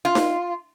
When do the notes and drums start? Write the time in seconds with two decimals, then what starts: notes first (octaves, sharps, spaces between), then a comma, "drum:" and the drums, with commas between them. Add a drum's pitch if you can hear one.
0.05 F4
0.15 drum: snare D#4